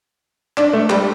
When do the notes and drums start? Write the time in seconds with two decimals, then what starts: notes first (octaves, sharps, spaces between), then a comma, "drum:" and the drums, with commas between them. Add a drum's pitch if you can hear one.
0.57 D4, drum: clap
0.73 A3
0.90 G3, drum: clap